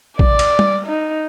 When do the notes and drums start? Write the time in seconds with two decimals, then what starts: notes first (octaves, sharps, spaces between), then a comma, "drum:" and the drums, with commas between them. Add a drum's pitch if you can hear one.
0.19 D5, drum: kick A#1
0.39 drum: cymbal
0.59 drum: tom G3
0.87 D#4